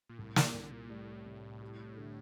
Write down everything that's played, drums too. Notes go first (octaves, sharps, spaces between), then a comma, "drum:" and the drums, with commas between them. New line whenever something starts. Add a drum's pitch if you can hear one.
A#2
C2 A2
A#2, drum: snare
C2 D3
A#2
A2 G3
C3
G4
D3